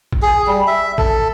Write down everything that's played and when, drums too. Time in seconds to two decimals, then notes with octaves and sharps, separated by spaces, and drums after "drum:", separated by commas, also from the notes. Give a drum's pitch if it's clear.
0.12 drum: kick
0.22 G#4
0.47 G3
0.67 E5
0.98 A4, drum: kick